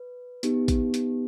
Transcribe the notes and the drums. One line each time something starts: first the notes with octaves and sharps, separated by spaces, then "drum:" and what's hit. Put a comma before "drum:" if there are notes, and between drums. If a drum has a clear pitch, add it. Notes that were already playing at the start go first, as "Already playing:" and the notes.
Already playing: B4
B3 D#4 G4, drum: hi-hat
drum: kick, hi-hat
drum: hi-hat